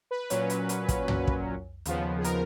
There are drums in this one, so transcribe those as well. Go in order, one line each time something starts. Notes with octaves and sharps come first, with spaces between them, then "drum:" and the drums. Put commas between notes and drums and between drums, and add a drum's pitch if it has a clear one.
B4
A#2 F#3 C#4, drum: hi-hat
drum: hi-hat
drum: hi-hat
drum: kick, hi-hat
drum: tom
drum: kick
D#2 C#3 F3 B3, drum: hi-hat
G#4
A#4, drum: hi-hat